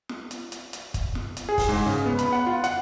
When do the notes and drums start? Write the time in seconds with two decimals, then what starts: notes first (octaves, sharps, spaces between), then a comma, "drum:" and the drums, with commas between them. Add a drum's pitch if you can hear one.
0.09 drum: snare
0.31 drum: hi-hat
0.52 drum: hi-hat
0.73 drum: hi-hat
0.94 drum: kick, hi-hat
1.15 drum: snare
1.37 drum: hi-hat
1.49 G#4
1.58 drum: kick, open hi-hat
1.69 G#2
1.86 C#3
2.06 B3
2.19 B5, drum: hi-hat
2.33 F#5
2.46 F4
2.64 F#5, drum: hi-hat